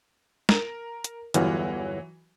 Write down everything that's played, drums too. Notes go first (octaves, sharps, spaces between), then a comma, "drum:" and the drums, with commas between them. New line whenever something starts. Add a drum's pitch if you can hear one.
A#4, drum: snare
drum: hi-hat
G1 E2 E3 F#3, drum: hi-hat